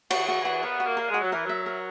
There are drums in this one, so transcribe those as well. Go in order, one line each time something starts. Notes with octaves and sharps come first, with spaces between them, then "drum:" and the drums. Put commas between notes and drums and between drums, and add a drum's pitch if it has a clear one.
F#4, drum: cymbal
E3
F#4
E3
F#4
B3 A#4
F#4
A#3
A#4
G#3
F#4
F#3
E3 A#4
F#3 E5
A#4